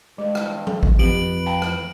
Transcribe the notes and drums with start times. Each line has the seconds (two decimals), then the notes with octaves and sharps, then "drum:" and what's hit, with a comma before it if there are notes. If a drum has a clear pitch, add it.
0.18 G2 G#3
0.35 drum: rim click
0.67 drum: tom F#3
0.83 drum: kick G#1
0.99 F2 C4 G4 B4 D7 F#7
1.46 F5 G5 A5
1.62 drum: rim click